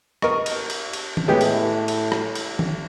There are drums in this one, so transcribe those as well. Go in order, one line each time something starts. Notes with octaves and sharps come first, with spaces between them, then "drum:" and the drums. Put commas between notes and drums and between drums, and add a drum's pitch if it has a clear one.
A#4 D#5 C#6, drum: rim click
drum: cymbal
drum: cymbal
drum: cymbal
drum: tom D#3
A2 G#3 B3 G4
drum: cymbal
drum: cymbal
drum: rim click
drum: cymbal
drum: tom D#3